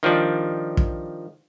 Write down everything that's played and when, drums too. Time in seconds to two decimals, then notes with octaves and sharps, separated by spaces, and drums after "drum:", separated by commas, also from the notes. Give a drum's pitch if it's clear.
0.03 D#3 F3 G3 D4
0.77 drum: kick